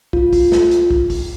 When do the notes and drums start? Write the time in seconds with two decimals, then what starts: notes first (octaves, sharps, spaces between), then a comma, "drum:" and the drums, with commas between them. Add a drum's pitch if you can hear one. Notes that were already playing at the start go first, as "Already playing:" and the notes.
0.13 F4, drum: kick
0.33 drum: kick, open hi-hat
0.52 drum: snare A4
0.71 drum: hi-hat
0.91 drum: kick
1.10 drum: kick, open hi-hat